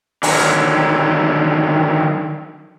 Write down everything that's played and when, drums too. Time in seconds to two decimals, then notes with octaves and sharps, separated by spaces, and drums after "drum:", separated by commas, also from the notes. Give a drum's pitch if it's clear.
0.23 D3 D#3 F#3, drum: open hi-hat